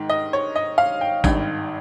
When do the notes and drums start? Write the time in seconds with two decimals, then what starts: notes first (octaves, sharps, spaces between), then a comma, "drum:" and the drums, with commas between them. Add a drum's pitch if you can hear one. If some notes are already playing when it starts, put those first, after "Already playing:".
Already playing: G#2 D#3
0.09 D#5
0.33 C#5
0.56 D#5
0.78 F5
1.01 G5
1.24 G#1 G2 D#3, drum: kick G#1, tambourine